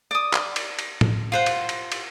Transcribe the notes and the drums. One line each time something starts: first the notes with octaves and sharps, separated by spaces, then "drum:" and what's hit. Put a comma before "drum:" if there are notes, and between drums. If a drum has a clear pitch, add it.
D5 D#6
drum: clap
drum: cymbal
drum: cymbal
drum: tom A2
F4 C5 F#5
drum: cymbal
drum: cymbal
drum: cymbal